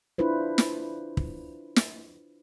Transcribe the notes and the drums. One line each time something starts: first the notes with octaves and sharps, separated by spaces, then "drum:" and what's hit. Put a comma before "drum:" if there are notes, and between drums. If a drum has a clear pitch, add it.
D4 E4 F4 B4 C5
drum: snare
drum: kick
drum: snare